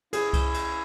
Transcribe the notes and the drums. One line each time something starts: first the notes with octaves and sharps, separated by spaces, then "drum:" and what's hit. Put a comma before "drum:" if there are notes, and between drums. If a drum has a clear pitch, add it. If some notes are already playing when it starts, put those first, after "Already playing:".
C#4 E4 G#4, drum: cymbal
drum: kick C2, cymbal
drum: cymbal